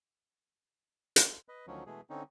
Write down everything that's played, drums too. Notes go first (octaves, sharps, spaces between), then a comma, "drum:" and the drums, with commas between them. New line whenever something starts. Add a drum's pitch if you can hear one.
drum: hi-hat
B4 D#5
D2 D#3 F3 F#3 C#4
B2 E3 G#3 A3 G#4
D3 C4 C#4 D#4